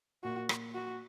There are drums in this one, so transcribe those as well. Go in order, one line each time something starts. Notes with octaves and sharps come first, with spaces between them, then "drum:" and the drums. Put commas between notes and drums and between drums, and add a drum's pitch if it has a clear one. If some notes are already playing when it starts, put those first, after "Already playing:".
A#2 F#4
drum: rim click
F#4